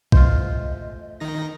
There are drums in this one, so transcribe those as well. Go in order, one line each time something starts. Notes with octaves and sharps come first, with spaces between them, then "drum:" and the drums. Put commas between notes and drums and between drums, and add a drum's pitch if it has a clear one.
A3 F4 C5 D#5, drum: kick
D#3 D#4 A#6